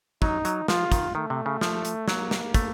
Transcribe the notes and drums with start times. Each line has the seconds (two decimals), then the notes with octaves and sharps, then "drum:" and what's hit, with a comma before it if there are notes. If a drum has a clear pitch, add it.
0.22 F#3 D#4, drum: kick
0.45 F#3, drum: hi-hat
0.68 F3 F4, drum: snare
0.92 D#3, drum: kick, hi-hat
1.15 D#3 A3
1.30 C3
1.46 C#3
1.61 F3, drum: snare
1.85 drum: hi-hat
2.08 F#3 A#3, drum: snare
2.31 drum: snare
2.54 A3, drum: kick, hi-hat